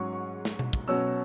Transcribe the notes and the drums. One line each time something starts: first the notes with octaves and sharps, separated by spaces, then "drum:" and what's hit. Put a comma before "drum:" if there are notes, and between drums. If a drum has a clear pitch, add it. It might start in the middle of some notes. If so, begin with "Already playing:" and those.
Already playing: G#2 F#3 C#4 C#6
C#6
drum: snare
drum: tom B2
drum: kick
B2 F#3 C#4 E6